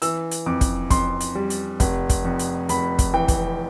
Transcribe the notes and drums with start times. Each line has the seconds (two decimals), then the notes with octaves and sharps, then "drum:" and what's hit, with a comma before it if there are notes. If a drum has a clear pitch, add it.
0.02 E3 E6, drum: hi-hat
0.31 drum: hi-hat
0.46 F2 D6
0.61 drum: kick, hi-hat
0.90 F2 C6, drum: kick, hi-hat
1.20 drum: hi-hat
1.35 G3
1.50 drum: hi-hat
1.80 F1, drum: kick, hi-hat
2.10 drum: kick, hi-hat
2.25 F2
2.39 drum: hi-hat
2.69 F1 B5, drum: hi-hat
2.99 drum: kick, hi-hat
3.14 E3 G5
3.28 drum: kick, hi-hat